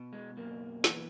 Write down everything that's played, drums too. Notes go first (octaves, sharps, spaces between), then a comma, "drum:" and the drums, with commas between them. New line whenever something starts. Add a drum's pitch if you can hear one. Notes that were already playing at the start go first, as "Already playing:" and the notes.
Already playing: B2
G#3
F#2 A#3
E3, drum: snare